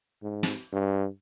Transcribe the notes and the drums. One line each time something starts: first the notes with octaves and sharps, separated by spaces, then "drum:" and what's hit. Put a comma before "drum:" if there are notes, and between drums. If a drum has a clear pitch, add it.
G#2
drum: snare
G2